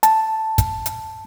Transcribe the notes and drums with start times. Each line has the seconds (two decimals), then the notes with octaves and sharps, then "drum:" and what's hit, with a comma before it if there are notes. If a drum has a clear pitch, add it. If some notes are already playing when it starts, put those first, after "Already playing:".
0.03 A5, drum: hi-hat
0.58 drum: kick, hi-hat
0.86 drum: hi-hat